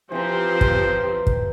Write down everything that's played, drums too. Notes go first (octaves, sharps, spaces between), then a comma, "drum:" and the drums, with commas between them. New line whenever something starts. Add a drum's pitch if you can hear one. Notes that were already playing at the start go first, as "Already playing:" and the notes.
E3 F3 C4 G4 C5 A#5
drum: kick
drum: kick